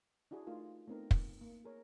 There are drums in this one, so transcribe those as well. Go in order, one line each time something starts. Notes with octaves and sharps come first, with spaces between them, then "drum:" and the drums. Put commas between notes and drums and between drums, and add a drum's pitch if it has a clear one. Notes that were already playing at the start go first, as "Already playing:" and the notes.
D4 E4 F#4 G#4
A3 D#4 F4 A#4
A3 B3 C4 D#4 A#4
drum: kick
A#3
G#4 A#4 C#5